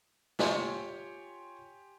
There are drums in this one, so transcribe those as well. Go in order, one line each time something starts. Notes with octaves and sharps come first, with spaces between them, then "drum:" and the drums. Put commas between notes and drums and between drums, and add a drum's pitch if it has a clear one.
F4 G4 C#5 G#5 C6, drum: snare